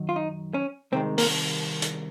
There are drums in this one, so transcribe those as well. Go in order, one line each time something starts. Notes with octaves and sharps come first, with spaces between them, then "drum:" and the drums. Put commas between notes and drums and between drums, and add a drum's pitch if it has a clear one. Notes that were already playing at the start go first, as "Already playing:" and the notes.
Already playing: F#2 D#3 F#3
F4
D#4
C#4
C2 C3 D#3 G#3 C4
A#3, drum: open hi-hat
drum: hi-hat